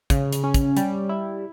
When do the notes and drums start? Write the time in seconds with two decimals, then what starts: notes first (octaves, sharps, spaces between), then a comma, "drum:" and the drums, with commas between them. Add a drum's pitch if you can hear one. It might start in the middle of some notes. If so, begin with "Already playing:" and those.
0.10 C#3, drum: kick, hi-hat
0.33 drum: hi-hat
0.44 C#4
0.54 drum: kick, hi-hat
0.77 G3, drum: hi-hat
1.09 E4